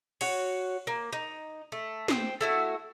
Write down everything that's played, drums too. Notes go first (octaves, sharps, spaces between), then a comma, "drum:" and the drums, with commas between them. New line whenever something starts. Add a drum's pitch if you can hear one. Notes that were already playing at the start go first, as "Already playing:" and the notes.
F#4 C#5, drum: cymbal
A#3
D#4
A3
C5 D#5 G5, drum: snare
A3 E4 F#4